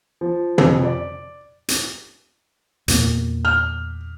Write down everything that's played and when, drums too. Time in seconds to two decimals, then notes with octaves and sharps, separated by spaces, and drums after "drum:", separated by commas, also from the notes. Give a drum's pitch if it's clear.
0.21 F3
0.58 F2, drum: tom
0.85 D5
1.68 drum: hi-hat
2.88 E2 A#2 A#3, drum: hi-hat
3.45 F6